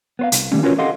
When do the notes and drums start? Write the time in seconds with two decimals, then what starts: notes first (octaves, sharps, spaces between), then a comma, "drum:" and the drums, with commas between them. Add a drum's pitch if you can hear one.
0.19 B3 C5 F5
0.32 C2, drum: hi-hat
0.52 D#3 G3 A3 C#4
0.63 C#4 F4 F#4 A#4 B4 C#5
0.78 G4 A4 D#5 F5 F#5 C6